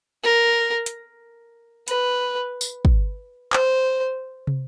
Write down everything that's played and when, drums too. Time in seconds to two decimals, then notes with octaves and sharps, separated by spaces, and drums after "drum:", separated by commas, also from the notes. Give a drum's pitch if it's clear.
0.23 A#4
0.86 drum: hi-hat
1.88 B4, drum: hi-hat
2.61 drum: tambourine
2.85 drum: kick
3.53 C5, drum: clap
4.47 drum: tom